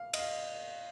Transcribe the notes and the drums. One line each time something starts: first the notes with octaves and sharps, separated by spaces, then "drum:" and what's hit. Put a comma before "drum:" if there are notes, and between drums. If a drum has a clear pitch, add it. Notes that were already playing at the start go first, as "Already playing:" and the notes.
Already playing: F5
D#5, drum: cymbal
F5